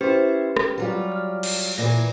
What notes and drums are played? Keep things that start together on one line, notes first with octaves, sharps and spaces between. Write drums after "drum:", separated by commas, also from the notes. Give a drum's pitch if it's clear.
C#4 E4 G4 B4 C5
drum: rim click
F#3 G3 F4
F6
drum: cymbal
A#2 E3 D5 A#6